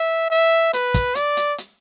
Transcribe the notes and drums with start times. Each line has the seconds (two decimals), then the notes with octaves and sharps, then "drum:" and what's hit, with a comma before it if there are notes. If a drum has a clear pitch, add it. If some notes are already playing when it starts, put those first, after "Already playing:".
Already playing: E5
0.30 E5
0.73 B4, drum: hi-hat
0.94 drum: kick, hi-hat
1.15 D5, drum: hi-hat
1.37 drum: hi-hat
1.58 drum: hi-hat